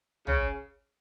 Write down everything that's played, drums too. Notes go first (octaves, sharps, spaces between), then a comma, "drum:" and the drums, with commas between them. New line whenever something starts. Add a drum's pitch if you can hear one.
C#3, drum: tom